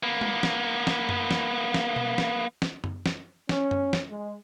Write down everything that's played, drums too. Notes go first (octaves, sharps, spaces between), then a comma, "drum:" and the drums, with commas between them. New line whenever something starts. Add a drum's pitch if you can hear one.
A#3 B3
drum: tom G#3
drum: snare
drum: snare
drum: tom F#2
drum: snare
drum: snare
drum: tom B2
drum: snare
drum: snare
drum: tom F#2
drum: snare
C#4, drum: snare
drum: tom F#2
drum: snare
G#3